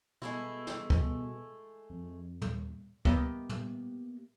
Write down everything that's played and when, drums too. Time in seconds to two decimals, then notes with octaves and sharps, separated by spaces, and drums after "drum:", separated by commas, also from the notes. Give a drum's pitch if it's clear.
0.22 B2 G#3 A3 E4, drum: rim click
0.67 drum: snare
0.90 drum: kick
1.90 F2
2.42 D#2, drum: tom
3.05 A#3 B3 G4 D#5 E5, drum: kick
3.49 drum: tom